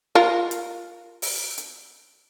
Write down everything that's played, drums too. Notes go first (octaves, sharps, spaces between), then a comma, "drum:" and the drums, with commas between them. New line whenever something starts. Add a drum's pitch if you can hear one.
F4 A#4
drum: hi-hat
drum: open hi-hat
drum: hi-hat